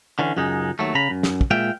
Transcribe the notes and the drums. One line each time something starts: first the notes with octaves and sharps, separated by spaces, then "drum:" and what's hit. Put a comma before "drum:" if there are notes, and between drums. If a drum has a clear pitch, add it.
D3 E3 C#4
C#2 F#2 G#3 D#4
D#2 F#3 A3
C#3 A#5 B5
F#2
drum: snare
drum: kick
A#2 G#3 E5 F5 G5